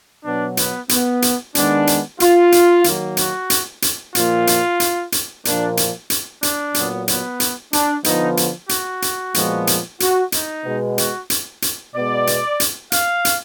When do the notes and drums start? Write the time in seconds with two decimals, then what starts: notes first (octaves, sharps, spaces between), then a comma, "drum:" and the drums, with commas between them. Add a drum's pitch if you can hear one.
0.25 B2 F#3 B3 D4
0.57 B3, drum: hi-hat
0.89 B3, drum: hi-hat
1.22 drum: hi-hat
1.55 D#3 G#3 B3 D4, drum: hi-hat
1.87 drum: hi-hat
2.20 F4, drum: hi-hat
2.52 drum: hi-hat
2.84 D#3 F#3 A#3, drum: hi-hat
3.17 F#4, drum: hi-hat
3.50 drum: hi-hat
3.82 drum: hi-hat
4.15 A#2 F3 A#3 F4, drum: hi-hat
4.47 drum: hi-hat
4.80 drum: hi-hat
5.12 drum: hi-hat
5.45 A#2 F3 A#3 D4, drum: hi-hat
5.77 drum: hi-hat
6.10 drum: hi-hat
6.43 D4, drum: hi-hat
6.74 A#2 F#3 B3, drum: hi-hat
7.08 B3, drum: hi-hat
7.40 drum: hi-hat
7.73 D4, drum: hi-hat
8.04 D3 F3 B3 D#4, drum: hi-hat
8.37 drum: hi-hat
8.69 F#4, drum: hi-hat
9.02 drum: hi-hat
9.34 A#2 F3 G#3 B3, drum: hi-hat
9.67 drum: hi-hat
10.00 F#4, drum: hi-hat
10.32 D#4, drum: hi-hat
10.64 B2 G#3 B3
10.98 F#4, drum: hi-hat
11.30 drum: hi-hat
11.62 drum: hi-hat
11.95 B2 G#3 B3 D5
12.27 drum: hi-hat
12.60 drum: hi-hat
12.92 F5, drum: hi-hat
13.25 drum: hi-hat